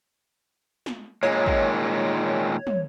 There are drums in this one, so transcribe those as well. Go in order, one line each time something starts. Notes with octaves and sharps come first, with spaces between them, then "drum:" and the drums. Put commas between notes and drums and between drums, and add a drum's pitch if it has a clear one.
drum: snare
A#2 G#3 C#5
A#2 D#3 G#3, drum: kick
drum: tom